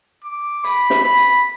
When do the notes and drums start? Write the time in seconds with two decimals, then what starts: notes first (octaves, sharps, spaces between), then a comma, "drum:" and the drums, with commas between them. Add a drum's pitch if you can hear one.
0.25 D6
0.64 B5, drum: hi-hat
0.90 drum: snare
1.03 B5
1.17 drum: hi-hat